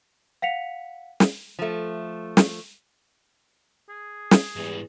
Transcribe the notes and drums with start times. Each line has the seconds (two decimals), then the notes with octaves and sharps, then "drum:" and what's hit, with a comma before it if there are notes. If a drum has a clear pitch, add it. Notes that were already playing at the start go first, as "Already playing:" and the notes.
0.42 F5 F#5 B6 C#7 F7
1.20 drum: snare
1.59 F3 A3
2.37 drum: snare
3.89 G#4
4.31 drum: snare
4.56 E2 G#2 G3